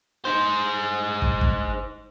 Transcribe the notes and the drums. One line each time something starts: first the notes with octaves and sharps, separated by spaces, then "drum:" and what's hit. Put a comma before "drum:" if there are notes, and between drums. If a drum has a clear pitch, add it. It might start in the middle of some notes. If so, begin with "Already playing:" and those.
D#4 C5
drum: kick
drum: kick